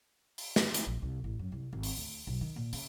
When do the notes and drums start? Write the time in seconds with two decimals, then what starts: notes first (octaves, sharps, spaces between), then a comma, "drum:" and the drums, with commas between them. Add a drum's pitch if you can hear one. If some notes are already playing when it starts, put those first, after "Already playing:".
0.38 drum: open hi-hat
0.56 drum: snare
0.74 drum: hi-hat
0.87 A#1
1.02 C2
1.24 A1
1.39 F#2
1.52 C2
1.73 G#1
1.83 drum: open hi-hat
1.97 D2
2.27 B1
2.41 D#3
2.56 A#2
2.73 C#3, drum: open hi-hat